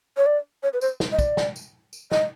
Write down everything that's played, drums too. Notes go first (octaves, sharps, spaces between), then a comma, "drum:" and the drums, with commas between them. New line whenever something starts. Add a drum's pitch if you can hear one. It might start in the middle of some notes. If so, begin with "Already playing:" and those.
C#5
D5
C#5
B4
C5, drum: tambourine
drum: snare
D#5
D5, drum: kick, tambourine
drum: snare
drum: tambourine
drum: tambourine
D#5, drum: snare